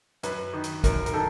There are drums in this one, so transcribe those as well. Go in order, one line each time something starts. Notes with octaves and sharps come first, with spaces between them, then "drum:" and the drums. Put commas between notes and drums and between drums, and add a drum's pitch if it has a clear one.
F#2 B4, drum: hi-hat
D#3
drum: hi-hat
F#2 A#4, drum: kick, hi-hat
A#4, drum: hi-hat
D#3 A4